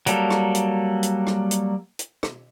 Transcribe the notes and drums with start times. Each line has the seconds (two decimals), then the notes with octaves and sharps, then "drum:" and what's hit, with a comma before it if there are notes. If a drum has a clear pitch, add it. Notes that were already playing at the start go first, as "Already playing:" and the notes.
0.06 F#3 G3 A#3 A4, drum: hi-hat
0.30 drum: rim click
0.55 drum: hi-hat
1.03 drum: hi-hat
1.27 drum: rim click
1.51 drum: hi-hat
1.99 drum: hi-hat
2.23 drum: rim click